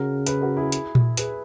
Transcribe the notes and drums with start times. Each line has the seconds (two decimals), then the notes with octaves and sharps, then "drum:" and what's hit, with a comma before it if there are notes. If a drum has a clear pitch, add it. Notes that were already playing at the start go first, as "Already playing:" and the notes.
Already playing: C#3 F#4 A#4
0.27 G#4 B4, drum: hi-hat
0.42 F#4 A#4
0.57 E4 G#4
0.72 drum: hi-hat
0.95 drum: tom A#2
1.17 G#4 B4, drum: hi-hat